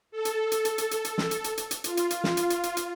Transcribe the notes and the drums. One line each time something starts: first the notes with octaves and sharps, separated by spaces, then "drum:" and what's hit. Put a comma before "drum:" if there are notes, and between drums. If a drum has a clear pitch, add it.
A4
drum: hi-hat
drum: hi-hat
drum: hi-hat
drum: hi-hat
drum: hi-hat
drum: hi-hat
drum: snare
drum: hi-hat
drum: hi-hat
drum: hi-hat
drum: hi-hat
F4, drum: hi-hat
drum: hi-hat
drum: hi-hat
drum: snare
drum: hi-hat
drum: hi-hat
drum: hi-hat
drum: hi-hat